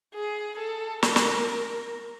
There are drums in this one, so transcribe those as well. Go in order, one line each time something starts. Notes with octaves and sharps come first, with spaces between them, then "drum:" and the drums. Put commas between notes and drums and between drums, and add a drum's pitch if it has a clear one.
G#4
A4
A#4, drum: snare
drum: snare